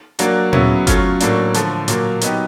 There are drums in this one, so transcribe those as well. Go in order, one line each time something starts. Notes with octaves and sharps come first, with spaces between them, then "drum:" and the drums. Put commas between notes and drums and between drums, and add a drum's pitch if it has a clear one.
F#3 A#3 D4 F#4, drum: hi-hat
C#3 F#3 B3 E4, drum: tom A#2
F#3 A3 C#4 F4, drum: kick G1, hi-hat
A2 F#3 A#3 D4, drum: hi-hat
D3 F3 A3, drum: hi-hat
A#2 F#3 A#3, drum: hi-hat
F#3 B3 D#4 G4, drum: hi-hat